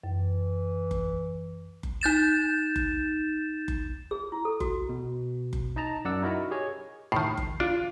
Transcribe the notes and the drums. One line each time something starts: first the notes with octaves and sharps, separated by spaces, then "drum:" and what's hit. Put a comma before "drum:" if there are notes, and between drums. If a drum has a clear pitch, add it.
F#2 E3
drum: kick F#1
drum: kick F#1
D#4 G6 A6 E7
drum: kick F#1
drum: kick F#1
G#4
E4
A4
F#4, drum: kick F#1
B2
drum: kick F#1
D#4 D#5 A5 A#5
F#2 D5 F#5 E6
D#4 E4 F#4 A#4 D#5
G4 G#4 C#5 D#5
A2 D#3 C7
drum: kick F#1
D4 F4